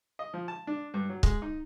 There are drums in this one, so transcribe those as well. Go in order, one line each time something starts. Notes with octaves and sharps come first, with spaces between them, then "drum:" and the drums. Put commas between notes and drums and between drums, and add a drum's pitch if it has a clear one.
D#5
F3
A5
D4
G2
F#3
G#3, drum: kick C#1
D#4